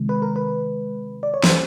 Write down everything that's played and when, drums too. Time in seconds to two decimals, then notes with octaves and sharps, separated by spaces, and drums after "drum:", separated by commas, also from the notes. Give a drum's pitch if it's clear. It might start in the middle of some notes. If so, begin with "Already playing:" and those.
Already playing: C3 D#3 G#3
0.09 B4
0.22 A#4
0.36 B4
1.23 D5
1.34 C#5
1.44 C5, drum: snare